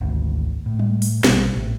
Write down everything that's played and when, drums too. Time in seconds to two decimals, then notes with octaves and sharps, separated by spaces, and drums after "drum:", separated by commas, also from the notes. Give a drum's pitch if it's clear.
0.01 G#1 D2
0.66 A2
0.79 drum: tom G3
1.02 drum: open hi-hat
1.24 A#1 B2 G3, drum: snare
1.55 A1